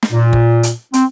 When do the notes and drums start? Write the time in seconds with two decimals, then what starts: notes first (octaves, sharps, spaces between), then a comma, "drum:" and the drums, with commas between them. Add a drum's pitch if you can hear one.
0.03 drum: snare
0.12 A#2
0.33 drum: kick
0.63 drum: hi-hat
0.94 C4, drum: hi-hat